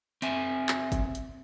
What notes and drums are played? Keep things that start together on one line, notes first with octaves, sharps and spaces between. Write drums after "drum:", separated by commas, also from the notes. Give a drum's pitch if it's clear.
C4 E5 G#5, drum: hi-hat
drum: clap
drum: kick, hi-hat
drum: hi-hat